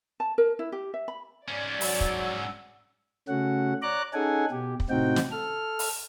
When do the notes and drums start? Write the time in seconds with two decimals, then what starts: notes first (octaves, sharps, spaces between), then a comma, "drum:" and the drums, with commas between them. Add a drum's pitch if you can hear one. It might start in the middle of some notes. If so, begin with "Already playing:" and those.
0.20 A5
0.38 A#4
0.59 E4
0.72 G4
0.94 E5
1.08 B5
1.48 G#2 C#4 D5
1.81 F#3 F#5 E6, drum: open hi-hat
2.01 drum: kick
3.28 C#3 A3 C#4 F#4 F#5
3.82 C#5 D5 A#5 D6 F#6
4.14 C#4 D#4 G#4 A4 F#5 G#5
4.51 B2 G4
4.80 drum: kick
4.90 A2 C3 C4 D#4 F#4 G5
5.16 drum: snare
5.32 A4 F6
5.79 drum: open hi-hat